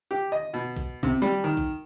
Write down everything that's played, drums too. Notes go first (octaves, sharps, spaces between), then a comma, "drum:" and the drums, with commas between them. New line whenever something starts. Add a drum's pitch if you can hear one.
G4
D#5
B2
drum: kick A#1
C3, drum: kick A#1
G3
D#3
drum: kick A#1